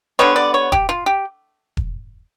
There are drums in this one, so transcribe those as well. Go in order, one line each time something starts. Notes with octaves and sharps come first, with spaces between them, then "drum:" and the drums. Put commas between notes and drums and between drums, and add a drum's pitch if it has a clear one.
D3 G3 B3 C#5
D5
C#5
G4, drum: kick E1
F4
G4
drum: kick E1